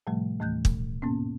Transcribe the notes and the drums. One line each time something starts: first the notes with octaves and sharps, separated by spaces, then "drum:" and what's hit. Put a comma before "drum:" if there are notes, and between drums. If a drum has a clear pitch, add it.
A2 C3 F3 G3 A3
D#2 A2 E3 A3 F#6 G6
B2, drum: kick
G#2 B2 A#3 B3 C#4